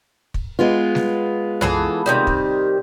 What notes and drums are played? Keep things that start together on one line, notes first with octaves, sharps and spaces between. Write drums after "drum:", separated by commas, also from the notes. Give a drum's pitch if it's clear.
drum: kick
G#3 B3 F4
drum: snare G3
E3 G#4 A4, drum: tom
C3 D#3 G3
drum: kick